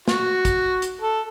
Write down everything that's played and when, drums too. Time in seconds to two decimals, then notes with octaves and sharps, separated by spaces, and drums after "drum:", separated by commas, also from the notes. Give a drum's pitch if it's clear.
0.08 F#4, drum: snare
0.45 drum: kick, hi-hat
0.82 drum: hi-hat
1.01 A4